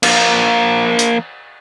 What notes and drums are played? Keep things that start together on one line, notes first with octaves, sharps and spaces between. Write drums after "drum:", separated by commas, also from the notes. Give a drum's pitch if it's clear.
F3 A#3, drum: cymbal
drum: hi-hat